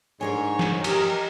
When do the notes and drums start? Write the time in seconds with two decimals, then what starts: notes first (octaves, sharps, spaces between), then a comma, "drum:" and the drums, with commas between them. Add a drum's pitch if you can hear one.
0.21 G#2 D4 A#4 C5 C#5 G#5
0.59 drum: snare
0.84 G4 A#4 C#5 D#5 G5, drum: cymbal